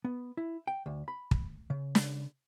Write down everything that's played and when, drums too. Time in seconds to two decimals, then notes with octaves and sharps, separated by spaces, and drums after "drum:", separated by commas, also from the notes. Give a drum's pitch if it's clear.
0.05 B3
0.37 E4
0.67 G5
0.86 D2
1.08 B5
1.31 drum: kick
1.70 C#3
1.95 drum: snare